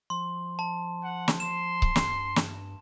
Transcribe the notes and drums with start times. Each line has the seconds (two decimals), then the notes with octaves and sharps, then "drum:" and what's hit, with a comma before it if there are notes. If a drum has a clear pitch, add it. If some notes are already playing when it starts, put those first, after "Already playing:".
0.10 F3 C6
0.59 A5
1.04 F#5
1.28 drum: snare
1.40 C6 E7
1.82 drum: kick C#1
1.96 G2, drum: snare
2.36 drum: snare